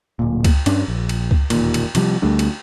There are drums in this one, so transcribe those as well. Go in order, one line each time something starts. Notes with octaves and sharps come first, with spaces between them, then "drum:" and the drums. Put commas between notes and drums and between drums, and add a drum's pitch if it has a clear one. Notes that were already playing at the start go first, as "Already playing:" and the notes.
D1 A#2
drum: kick C#2, cymbal
G2 C#4 D4, drum: cymbal
A#1
drum: cymbal
drum: kick C#2
E1 D#2 A#2, drum: cymbal
drum: cymbal
C3 F3 G3, drum: cymbal
D2 G3 A3 D4
drum: cymbal